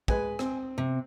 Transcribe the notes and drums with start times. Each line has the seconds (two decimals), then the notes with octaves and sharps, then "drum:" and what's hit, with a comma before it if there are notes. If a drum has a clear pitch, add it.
0.08 G#3 B4 G#5, drum: kick
0.39 C4, drum: rim click
0.78 C3